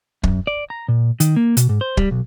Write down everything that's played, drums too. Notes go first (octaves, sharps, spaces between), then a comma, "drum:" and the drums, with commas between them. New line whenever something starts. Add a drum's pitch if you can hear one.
F#2, drum: kick
D5
A#5
A#2
D#3, drum: hi-hat
A#3
B2, drum: hi-hat
G#2
C5
G3, drum: kick
B1